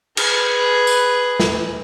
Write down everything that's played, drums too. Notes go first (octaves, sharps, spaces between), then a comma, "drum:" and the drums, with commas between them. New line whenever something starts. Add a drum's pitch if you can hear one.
G#4 B4, drum: cymbal
drum: tambourine
drum: snare